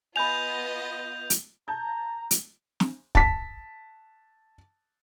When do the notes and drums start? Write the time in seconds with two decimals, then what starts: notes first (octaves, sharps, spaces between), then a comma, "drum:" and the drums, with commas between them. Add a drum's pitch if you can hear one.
0.16 B3 F4 D#5 G#5 B5 G6 F7
1.30 drum: hi-hat
1.68 A5 A#5 G6
2.31 drum: hi-hat
2.80 drum: snare
3.15 A5 B6, drum: kick